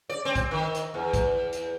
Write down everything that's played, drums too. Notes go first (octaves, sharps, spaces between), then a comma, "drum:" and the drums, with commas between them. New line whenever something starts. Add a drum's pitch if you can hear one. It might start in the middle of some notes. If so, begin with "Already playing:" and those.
D5
C4
drum: kick, hi-hat
D#3
drum: hi-hat
E2
drum: kick, hi-hat
drum: hi-hat